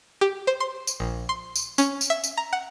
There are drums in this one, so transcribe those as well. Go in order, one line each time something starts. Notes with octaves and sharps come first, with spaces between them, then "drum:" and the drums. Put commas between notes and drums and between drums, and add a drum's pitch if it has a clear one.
G4
C5
C6
drum: tambourine
A#1
C6
drum: tambourine
C#4, drum: tambourine
drum: tambourine
E5
drum: tambourine
A#5
F#5